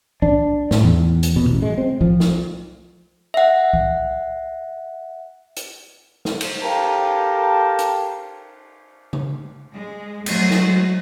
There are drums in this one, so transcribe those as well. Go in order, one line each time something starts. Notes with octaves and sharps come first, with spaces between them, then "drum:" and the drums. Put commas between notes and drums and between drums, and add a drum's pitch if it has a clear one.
D4, drum: kick C2
A2, drum: snare
E2
drum: hi-hat
B2
A1
G#3
C4
F3, drum: kick C2
drum: snare
E5 F#5
drum: kick C2
drum: hi-hat
drum: snare
drum: cymbal
G4 A4 A#4 F5 G5 A5
drum: hi-hat
drum: tom C#3
G#3
F#3 G#3 A3 F#4 C5, drum: cymbal
drum: snare